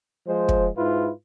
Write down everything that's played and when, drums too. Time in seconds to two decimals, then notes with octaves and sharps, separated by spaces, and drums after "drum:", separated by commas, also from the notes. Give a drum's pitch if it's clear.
0.27 F3 G#3 C5
0.49 drum: kick
0.76 G#2 E4 F4 B4